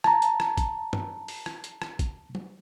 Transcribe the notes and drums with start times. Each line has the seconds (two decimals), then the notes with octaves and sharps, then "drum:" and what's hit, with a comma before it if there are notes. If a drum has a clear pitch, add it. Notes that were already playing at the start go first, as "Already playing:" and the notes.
0.04 A5 A#5, drum: rim click
0.22 drum: hi-hat
0.40 drum: rim click
0.57 drum: kick, hi-hat
0.93 drum: tom G2
1.28 drum: open hi-hat
1.46 drum: rim click
1.64 drum: hi-hat
1.82 drum: rim click
1.99 drum: kick, hi-hat
2.35 drum: tom